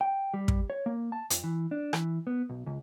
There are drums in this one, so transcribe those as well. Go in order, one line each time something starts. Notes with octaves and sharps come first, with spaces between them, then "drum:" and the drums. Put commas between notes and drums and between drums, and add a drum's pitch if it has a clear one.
G5
G3
drum: kick
C#5
A#3
A5
F2, drum: hi-hat
E3
D4
E3, drum: rim click
B3
B1
C#2